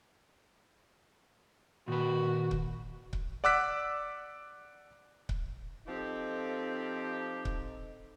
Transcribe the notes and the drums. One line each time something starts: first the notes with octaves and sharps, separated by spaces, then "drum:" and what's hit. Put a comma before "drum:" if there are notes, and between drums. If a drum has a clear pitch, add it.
A#2 D#3 F#4 B4
drum: kick C#1
drum: kick C#1
D5 F#5 D6 E6 F#6 B6
drum: kick C#1
F3 C4 D#4 G4 A4
drum: kick C#1